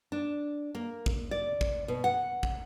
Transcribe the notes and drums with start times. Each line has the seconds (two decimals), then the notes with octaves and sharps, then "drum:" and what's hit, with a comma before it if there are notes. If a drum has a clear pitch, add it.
0.12 D4
0.75 A#3
1.06 drum: kick
1.31 D5
1.61 drum: kick
1.88 B2
2.04 F#5
2.43 drum: kick